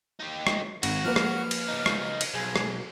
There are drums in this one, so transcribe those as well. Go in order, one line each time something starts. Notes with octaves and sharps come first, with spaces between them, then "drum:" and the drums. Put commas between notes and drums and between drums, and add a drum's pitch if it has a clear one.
D#4 G4
drum: rim click
G#1 F#4, drum: cymbal
F3 A#3 B4 F6
drum: rim click
drum: cymbal
C#3 D#4
drum: rim click
drum: cymbal
B1 G#4
drum: rim click